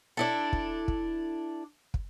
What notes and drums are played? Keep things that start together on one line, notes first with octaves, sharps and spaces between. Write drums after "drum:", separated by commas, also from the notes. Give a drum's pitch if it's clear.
D4 E4 A4
drum: kick
drum: kick
drum: kick